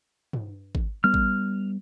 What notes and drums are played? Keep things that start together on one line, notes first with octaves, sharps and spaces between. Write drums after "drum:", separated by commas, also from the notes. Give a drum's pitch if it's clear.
drum: tom
drum: kick G#1
G3 B3 F6
drum: kick G#1